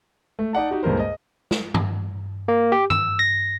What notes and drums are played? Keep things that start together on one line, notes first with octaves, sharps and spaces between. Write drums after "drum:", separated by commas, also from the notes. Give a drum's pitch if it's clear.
A3
D#4 D5 F#5 A5
D#4 F#4 G4
C#2 G2 A#2 A#4 C5
D#5
drum: snare
drum: tom G2
A#3
G4
E6, drum: tom G2
A#6